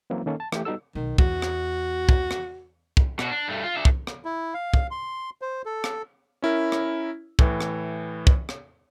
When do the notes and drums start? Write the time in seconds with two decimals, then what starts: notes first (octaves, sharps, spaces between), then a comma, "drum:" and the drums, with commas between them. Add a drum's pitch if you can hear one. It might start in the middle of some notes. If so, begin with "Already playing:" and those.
0.10 E3 F#3 A#3 C4 C#4 E4
0.26 D#3 A#3 C#4 A4
0.40 A5
0.52 E3 A3 G4, drum: rim click
0.65 G3 B3 D#4 F#4 A4 E6
0.95 B1 D#3
1.18 E2 F#4, drum: kick
1.42 drum: rim click
2.09 drum: kick
2.31 drum: rim click
2.97 drum: kick
3.19 B2 F#4, drum: rim click
3.31 D4
3.48 G2 A3
3.63 F4
3.75 D4 E5
3.85 drum: kick
4.07 drum: rim click
4.25 E4
4.54 F5
4.74 drum: kick
4.91 C6
5.42 C5
5.66 A4
5.84 drum: rim click
6.42 C#4 E4 A#4
6.72 drum: rim click
7.39 A2 E3, drum: kick
7.61 drum: rim click
8.27 drum: kick
8.49 drum: rim click